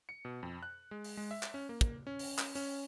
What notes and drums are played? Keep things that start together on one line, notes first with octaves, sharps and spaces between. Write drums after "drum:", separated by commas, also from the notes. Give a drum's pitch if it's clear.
C#7
B2
F2
F#6
G#3
drum: open hi-hat
G#3
E5
drum: clap
C#4
A#3
drum: kick, hi-hat
C#4
drum: open hi-hat
drum: clap
C#4, drum: open hi-hat